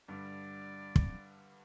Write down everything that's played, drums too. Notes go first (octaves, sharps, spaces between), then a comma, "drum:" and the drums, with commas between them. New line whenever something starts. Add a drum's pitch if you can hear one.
G2 D3 G3 D5
drum: kick